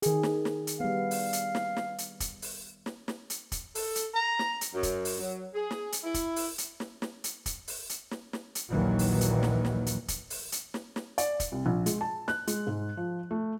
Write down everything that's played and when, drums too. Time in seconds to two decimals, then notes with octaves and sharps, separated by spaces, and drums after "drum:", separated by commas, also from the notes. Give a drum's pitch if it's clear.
0.02 D#3 G#4, drum: hi-hat
0.23 drum: snare
0.45 drum: snare
0.67 drum: hi-hat
0.80 G3 B3 F5
1.11 drum: open hi-hat
1.33 drum: hi-hat
1.55 drum: snare
1.77 drum: snare
1.98 drum: hi-hat
2.20 drum: kick, hi-hat
2.42 drum: open hi-hat
2.86 drum: snare
3.08 drum: snare
3.30 drum: hi-hat
3.52 drum: kick, hi-hat
3.75 A4, drum: open hi-hat
3.95 drum: hi-hat
4.14 A#5
4.39 drum: snare
4.61 drum: hi-hat
4.74 F#2
4.83 drum: kick, hi-hat
5.05 drum: open hi-hat
5.19 F#3
5.54 G#4
5.71 drum: snare
5.92 drum: hi-hat
6.04 E4
6.14 drum: kick, hi-hat
6.36 drum: open hi-hat
6.58 drum: hi-hat
6.80 drum: snare
7.02 drum: snare
7.24 drum: hi-hat
7.46 drum: kick, hi-hat
7.68 drum: open hi-hat
7.89 drum: hi-hat
8.11 drum: snare
8.33 drum: snare
8.55 drum: hi-hat
8.69 A#1 D#2 A#2 D#3 E3 F#3
8.99 drum: open hi-hat
9.21 drum: hi-hat
9.43 drum: snare
9.65 drum: snare
9.86 drum: hi-hat
10.08 drum: kick, hi-hat
10.30 drum: open hi-hat
10.52 drum: hi-hat
10.74 drum: snare
10.96 drum: snare
11.18 D5, drum: hi-hat
11.40 drum: kick, hi-hat
11.52 C2
11.66 A#1
11.86 G#3, drum: hi-hat
12.01 A5
12.28 F#6, drum: snare
12.47 G#3, drum: hi-hat
12.67 G#2
12.97 F3
13.31 A3